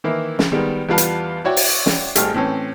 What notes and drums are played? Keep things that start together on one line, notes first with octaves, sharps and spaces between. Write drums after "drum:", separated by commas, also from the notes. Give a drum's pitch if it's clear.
D#3 E3 A#3 E4
drum: snare
D#3 G3 G#3 B3
E2 G3 B3 F4 B4 A5
drum: hi-hat
E4 F#4 C#5 D5 G5
drum: open hi-hat
drum: snare
G#1 G3 A3 G#4 G5 F6, drum: hi-hat
A2 E3 C4 C#4